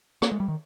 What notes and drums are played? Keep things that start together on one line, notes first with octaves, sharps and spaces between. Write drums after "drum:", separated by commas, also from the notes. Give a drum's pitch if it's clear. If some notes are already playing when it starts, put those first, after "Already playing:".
A#3, drum: rim click
G#3
G3
D#3